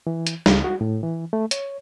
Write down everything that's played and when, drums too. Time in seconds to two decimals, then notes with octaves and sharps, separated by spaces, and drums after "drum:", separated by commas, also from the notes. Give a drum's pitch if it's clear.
0.07 E3
0.27 drum: hi-hat
0.46 C#2, drum: snare
0.64 F#4
0.81 A2
1.03 E3
1.33 A3
1.51 C#5, drum: hi-hat